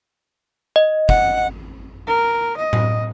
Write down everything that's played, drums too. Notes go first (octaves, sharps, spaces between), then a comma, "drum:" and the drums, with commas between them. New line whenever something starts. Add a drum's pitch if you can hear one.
D#5
F#5, drum: kick
A#4
D#5
drum: tom A2